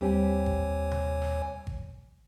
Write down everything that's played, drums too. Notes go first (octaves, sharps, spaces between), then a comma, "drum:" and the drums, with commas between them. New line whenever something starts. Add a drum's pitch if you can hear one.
D#2 G3 C4 G4 C#5 G#5
drum: kick G#1
drum: tom C3
drum: snare
drum: kick G#1